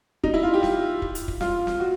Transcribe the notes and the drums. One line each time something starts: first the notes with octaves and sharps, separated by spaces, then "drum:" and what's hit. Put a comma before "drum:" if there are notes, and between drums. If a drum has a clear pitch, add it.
D#4, drum: kick
E4
F4
G4
drum: snare
drum: kick
drum: hi-hat
drum: kick
F4, drum: snare
drum: snare
F#4